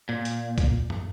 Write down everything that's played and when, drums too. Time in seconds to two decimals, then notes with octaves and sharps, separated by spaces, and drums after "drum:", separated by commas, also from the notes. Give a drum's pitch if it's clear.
0.09 A#2
0.25 drum: hi-hat
0.58 drum: kick, hi-hat
0.90 drum: tom